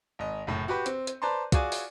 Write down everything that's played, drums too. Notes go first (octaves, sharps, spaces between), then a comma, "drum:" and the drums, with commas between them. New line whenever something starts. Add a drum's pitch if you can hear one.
G#1 D#5
F#1 A2
F#4 G4 B4
C4, drum: hi-hat
drum: hi-hat
B4 C5 D5 A5 A#5 C6
F4 F#4 G#4 D5 G#5, drum: kick, hi-hat
drum: open hi-hat